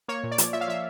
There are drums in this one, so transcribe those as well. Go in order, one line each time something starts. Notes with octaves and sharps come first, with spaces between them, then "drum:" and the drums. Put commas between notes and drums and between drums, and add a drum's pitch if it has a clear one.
A#3 C#5
A#2
D5
F3, drum: hi-hat
F3 E5
F5
F3 E5